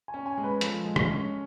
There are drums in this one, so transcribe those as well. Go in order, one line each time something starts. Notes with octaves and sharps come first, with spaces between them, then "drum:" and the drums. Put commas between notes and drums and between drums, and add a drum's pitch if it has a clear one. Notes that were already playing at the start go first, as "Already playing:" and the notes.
G#5
C#4
G#5
G#3
B4
F3 A4, drum: hi-hat
G#3
drum: rim click
C#4